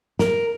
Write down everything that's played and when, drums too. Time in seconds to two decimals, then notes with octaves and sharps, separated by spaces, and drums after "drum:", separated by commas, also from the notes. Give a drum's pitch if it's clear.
0.19 A#4, drum: snare